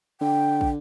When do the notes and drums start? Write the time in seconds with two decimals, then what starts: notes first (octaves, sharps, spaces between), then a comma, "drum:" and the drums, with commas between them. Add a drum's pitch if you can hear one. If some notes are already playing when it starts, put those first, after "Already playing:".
0.21 D3 G5
0.61 drum: kick